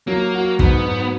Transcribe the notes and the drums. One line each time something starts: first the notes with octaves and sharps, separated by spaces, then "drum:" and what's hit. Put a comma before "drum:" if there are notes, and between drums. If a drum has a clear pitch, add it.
F#3 A#3
F#4
G#2 B3, drum: kick
G#2